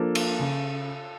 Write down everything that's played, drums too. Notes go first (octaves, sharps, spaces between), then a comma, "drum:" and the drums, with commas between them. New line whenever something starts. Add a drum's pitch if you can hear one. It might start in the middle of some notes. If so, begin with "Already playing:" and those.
Already playing: F3 A#3 D4 A4
drum: cymbal
C#3